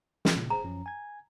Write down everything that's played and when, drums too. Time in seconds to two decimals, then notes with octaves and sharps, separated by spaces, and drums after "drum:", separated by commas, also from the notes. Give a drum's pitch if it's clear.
0.25 drum: snare
0.36 A#2 C#3
0.50 G#4 C5 A#5
0.64 F#2 F3 C#4
0.86 G#5 G#6